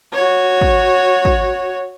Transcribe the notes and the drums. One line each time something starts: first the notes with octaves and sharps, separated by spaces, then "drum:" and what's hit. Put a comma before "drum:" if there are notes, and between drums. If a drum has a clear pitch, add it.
F#4 C#5
drum: kick
drum: kick